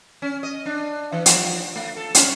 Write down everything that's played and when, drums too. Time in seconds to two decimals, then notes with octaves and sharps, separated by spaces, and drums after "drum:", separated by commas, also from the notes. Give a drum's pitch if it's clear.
0.22 C#4
0.43 D#5
0.66 D4
1.12 E3
1.26 F3, drum: hi-hat
1.76 A3
1.97 A4
2.15 C#4, drum: hi-hat